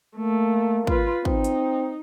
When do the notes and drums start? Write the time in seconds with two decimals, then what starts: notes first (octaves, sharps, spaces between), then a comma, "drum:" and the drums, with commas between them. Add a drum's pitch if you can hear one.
0.17 A3 A#3
0.87 F4 B4, drum: kick
1.25 C4 D#4, drum: kick
1.44 drum: hi-hat